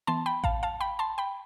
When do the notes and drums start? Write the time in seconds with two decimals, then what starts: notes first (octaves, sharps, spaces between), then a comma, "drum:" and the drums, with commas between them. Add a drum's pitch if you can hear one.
0.07 E3 B3 A5 C6
0.26 G5 B5
0.44 F5 A5, drum: kick A1
0.63 F5 A5
0.80 G5 B5
0.99 A5 C6
1.18 G5 B5